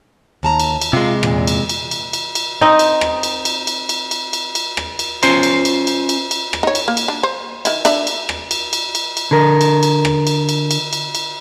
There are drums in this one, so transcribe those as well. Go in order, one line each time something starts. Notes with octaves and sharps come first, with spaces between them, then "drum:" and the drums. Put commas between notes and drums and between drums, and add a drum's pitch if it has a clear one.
D#2 A5 A#5
drum: cymbal
drum: cymbal
C3 G#3 F4
E2 A#2, drum: rim click
drum: cymbal
drum: cymbal
drum: cymbal
drum: cymbal
drum: cymbal
C4 D#4 D#5
drum: cymbal
drum: rim click
drum: cymbal
drum: cymbal
drum: cymbal
drum: cymbal
drum: cymbal
drum: cymbal
drum: cymbal
drum: rim click
drum: cymbal
C#4 F4 C5 A#5 C6, drum: cymbal
drum: cymbal
drum: cymbal
drum: cymbal
drum: cymbal
drum: cymbal
drum: rim click
D#4 C#5
drum: cymbal
A#3
drum: cymbal
D4
C5
D#3 E4, drum: cymbal
D4 E5 B5, drum: cymbal
drum: cymbal
drum: rim click
drum: cymbal
drum: cymbal
drum: cymbal
drum: cymbal
D3 A#4
drum: cymbal
drum: cymbal
drum: rim click
drum: cymbal
drum: cymbal
drum: cymbal
drum: cymbal
drum: cymbal